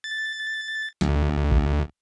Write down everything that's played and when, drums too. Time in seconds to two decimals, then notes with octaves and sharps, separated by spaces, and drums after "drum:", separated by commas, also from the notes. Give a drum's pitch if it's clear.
0.04 A6
1.01 D2, drum: snare
1.52 drum: kick A#1